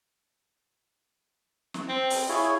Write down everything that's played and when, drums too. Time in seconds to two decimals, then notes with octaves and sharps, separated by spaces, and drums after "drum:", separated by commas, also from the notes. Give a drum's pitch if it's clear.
1.74 drum: snare
1.89 C4
2.10 drum: open hi-hat
2.29 E4 F4 G#4 C#5